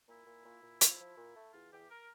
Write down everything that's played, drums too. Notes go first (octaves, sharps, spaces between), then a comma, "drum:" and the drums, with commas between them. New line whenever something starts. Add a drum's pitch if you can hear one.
A#2 E4
A#2
A#2
A#2
F3, drum: hi-hat
F3
A#2
A3
E2 F4
E2 G4
A#4